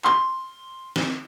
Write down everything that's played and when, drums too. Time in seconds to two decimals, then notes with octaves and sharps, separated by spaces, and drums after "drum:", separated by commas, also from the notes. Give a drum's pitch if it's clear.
0.04 C6, drum: clap
0.96 drum: snare